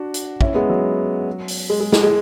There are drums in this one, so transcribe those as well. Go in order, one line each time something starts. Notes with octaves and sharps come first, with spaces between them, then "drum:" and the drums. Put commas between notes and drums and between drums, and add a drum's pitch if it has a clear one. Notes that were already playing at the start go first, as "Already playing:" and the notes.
Already playing: D4 F#4
drum: hi-hat
C#4 E4, drum: kick
G#3 B3
F#3
drum: open hi-hat
G#3
G#3
G#3, drum: snare
G#3